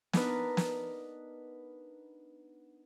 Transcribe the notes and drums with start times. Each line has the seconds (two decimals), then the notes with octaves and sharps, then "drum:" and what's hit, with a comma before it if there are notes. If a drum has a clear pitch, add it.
0.13 B3 D4 D#4 A#4 B4, drum: snare
0.57 drum: snare